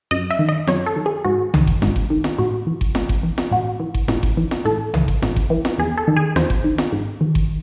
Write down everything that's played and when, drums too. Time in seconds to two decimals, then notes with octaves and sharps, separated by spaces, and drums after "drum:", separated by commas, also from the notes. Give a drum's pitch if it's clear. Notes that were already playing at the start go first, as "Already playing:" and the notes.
0.11 F#2 D#5
0.31 E5
0.39 D#3
0.49 D#5
0.67 F#2 C#5, drum: snare
0.86 A4
0.96 D#3
1.06 G#4
1.25 G#2 F#4
1.54 D#3, drum: tom B1
1.67 drum: kick G1
1.82 G#2, drum: snare
1.96 drum: kick G1
2.10 D#3
2.24 drum: snare
2.39 A2 F#4
2.67 E3
2.81 drum: kick G1
2.95 A2, drum: snare
3.09 drum: kick G1
3.23 E3
3.38 drum: snare
3.52 A2 F#4
3.80 E3
3.94 drum: kick G1
4.08 A2, drum: snare
4.23 drum: kick G1
4.37 E3
4.51 drum: snare
4.65 A2 A4
4.94 E3, drum: tom B1
5.08 drum: kick G1
5.22 A2, drum: snare
5.36 drum: kick G1
5.50 E3
5.65 drum: snare
5.78 E2 G#4
5.98 A4
6.08 D#3
6.17 G#4
6.36 E2 C5, drum: snare
6.50 drum: kick G1
6.64 D#3
6.78 drum: snare
6.92 G#2
7.21 D#3
7.35 drum: kick G1